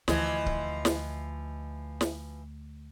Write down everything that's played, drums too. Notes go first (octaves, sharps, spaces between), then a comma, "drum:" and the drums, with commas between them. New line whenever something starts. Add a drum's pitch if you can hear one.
D2 E3 F3 D#5, drum: snare
drum: kick C#1
drum: snare
drum: snare